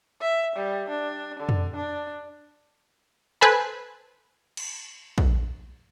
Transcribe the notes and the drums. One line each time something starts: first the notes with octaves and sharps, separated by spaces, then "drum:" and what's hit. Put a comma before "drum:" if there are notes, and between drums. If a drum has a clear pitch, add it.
E5
G3
D4
D3
drum: tom F2
D4
A4 B4 C5 G#5 A5 B5
drum: cymbal
drum: kick A#1